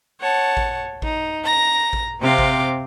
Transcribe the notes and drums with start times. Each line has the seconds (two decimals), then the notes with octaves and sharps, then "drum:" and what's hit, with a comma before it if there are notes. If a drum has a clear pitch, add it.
0.19 C#5 F#5 A5
0.57 drum: kick A1
1.02 D#4, drum: kick A1
1.43 A#5 A#6
1.93 drum: kick A1
2.20 C3 C4 F5 G5 D6
2.38 drum: kick A1